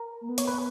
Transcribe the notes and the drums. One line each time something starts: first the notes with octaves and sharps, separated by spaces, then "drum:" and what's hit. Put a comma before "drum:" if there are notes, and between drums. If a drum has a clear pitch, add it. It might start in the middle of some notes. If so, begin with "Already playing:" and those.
Already playing: A#4
A#3
B3
C#5, drum: hi-hat
B4